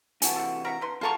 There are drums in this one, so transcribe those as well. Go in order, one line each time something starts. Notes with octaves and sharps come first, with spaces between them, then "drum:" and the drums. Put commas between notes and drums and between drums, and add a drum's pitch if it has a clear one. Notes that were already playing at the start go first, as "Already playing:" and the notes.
C3 E3 F#4 G#5 A5, drum: hi-hat
A4 F#5
A#4 E5 F#5 A#5
D3 B4 C6
E2 G#3 F4 F#4 A4 A5 A#5 C#6